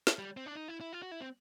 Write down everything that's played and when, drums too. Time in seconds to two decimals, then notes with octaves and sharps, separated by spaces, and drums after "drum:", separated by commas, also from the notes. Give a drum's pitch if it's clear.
0.07 drum: snare
0.19 G3
0.37 C4
0.46 D4
0.55 D#4
0.68 E4
0.81 E4
0.93 F4
1.02 F#4
1.11 E4
1.21 C4